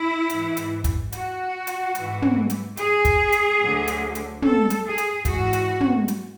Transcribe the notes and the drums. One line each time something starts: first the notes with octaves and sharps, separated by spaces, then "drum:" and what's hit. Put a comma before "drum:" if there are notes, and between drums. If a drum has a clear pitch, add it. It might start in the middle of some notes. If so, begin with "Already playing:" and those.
Already playing: E4
G#2 E3, drum: hi-hat
drum: hi-hat
drum: kick, hi-hat
F#4, drum: hi-hat
drum: hi-hat
G#2 E3, drum: hi-hat
drum: tom
drum: hi-hat
G#4, drum: hi-hat
drum: kick, hi-hat
drum: hi-hat
D2 D3 F#3
drum: hi-hat
drum: hi-hat
A4, drum: tom
drum: hi-hat
G#4
drum: hi-hat
G#2 E3 F#4, drum: kick, hi-hat
drum: hi-hat
drum: tom
drum: hi-hat